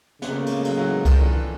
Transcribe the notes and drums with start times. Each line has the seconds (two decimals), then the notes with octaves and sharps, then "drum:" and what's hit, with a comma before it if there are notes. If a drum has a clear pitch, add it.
0.22 C#3 B3, drum: snare
0.30 A#3
0.38 A3
0.46 G#3 A#3, drum: cymbal
0.65 F#3 G#3, drum: cymbal
0.78 E3 F#3
1.05 D#3 F3, drum: kick C2, cymbal
1.19 D3 E3